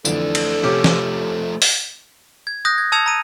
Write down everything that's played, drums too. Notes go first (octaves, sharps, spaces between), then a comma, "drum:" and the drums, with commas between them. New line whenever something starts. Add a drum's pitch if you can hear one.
F2 D3 E3 A3 D4 A4, drum: tambourine
drum: cymbal
C3 F3 A3 C#4 G4
drum: snare
drum: open hi-hat
G#6
D#6 F#6 G6 A#6
G#6
A5 D#6 E6 G#6 C#7 F7
A#5 D#7